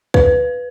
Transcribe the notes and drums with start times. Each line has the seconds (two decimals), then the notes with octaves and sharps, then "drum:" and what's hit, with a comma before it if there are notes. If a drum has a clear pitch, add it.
0.14 B4, drum: kick